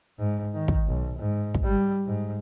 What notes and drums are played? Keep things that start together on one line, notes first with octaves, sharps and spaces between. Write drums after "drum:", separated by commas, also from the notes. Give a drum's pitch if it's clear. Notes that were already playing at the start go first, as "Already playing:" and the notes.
G#2
D#3
drum: kick
B1
G#2
drum: kick
G3
G#2